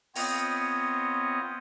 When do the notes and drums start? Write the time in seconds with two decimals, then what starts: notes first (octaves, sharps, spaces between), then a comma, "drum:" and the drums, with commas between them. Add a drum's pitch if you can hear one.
0.15 B3 C4 F4 C#5 D#5, drum: open hi-hat